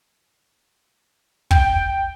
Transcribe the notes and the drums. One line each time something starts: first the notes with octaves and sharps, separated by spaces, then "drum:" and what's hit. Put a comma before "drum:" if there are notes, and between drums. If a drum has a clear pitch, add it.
G5, drum: kick